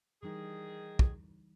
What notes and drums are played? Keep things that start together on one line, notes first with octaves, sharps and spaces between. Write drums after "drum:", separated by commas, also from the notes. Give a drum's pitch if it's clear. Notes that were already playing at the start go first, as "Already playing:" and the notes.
D#3 E3 G3 D#4 G#4
drum: kick